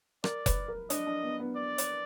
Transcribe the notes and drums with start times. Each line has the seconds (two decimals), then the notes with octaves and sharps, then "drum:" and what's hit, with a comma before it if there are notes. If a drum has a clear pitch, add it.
0.24 A#4 D5, drum: rim click
0.46 B4, drum: kick F1, hi-hat
0.68 A#4
0.90 D4 D#5, drum: hi-hat
1.07 D4
1.23 B3
1.40 B3
1.56 D5
1.78 drum: hi-hat